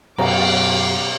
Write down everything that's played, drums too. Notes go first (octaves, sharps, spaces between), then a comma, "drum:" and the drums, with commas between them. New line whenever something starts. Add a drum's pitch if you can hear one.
F#2 B2 F5 A#5 D6, drum: cymbal